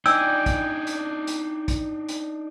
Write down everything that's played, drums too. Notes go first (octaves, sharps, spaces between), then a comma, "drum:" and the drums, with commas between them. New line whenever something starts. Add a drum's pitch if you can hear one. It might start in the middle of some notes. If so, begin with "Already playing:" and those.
D4 D#4 D5 G5 G#5 E6, drum: hi-hat
drum: kick, hi-hat
drum: hi-hat
drum: hi-hat
drum: kick, hi-hat
drum: hi-hat